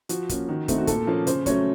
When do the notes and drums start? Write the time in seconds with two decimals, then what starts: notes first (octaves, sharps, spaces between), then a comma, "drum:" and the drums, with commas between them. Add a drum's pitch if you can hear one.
0.09 F3 F#4, drum: hi-hat
0.29 A#3 C#4, drum: kick, hi-hat
0.48 D#3 F#4
0.68 A3 C4 D#4, drum: kick, hi-hat
0.78 F#4
0.87 A#2 A4, drum: kick, hi-hat
1.07 F3 A#3 C#4
1.27 C#3 C5, drum: hi-hat
1.46 F#3 A3 C#4 C#5, drum: kick, hi-hat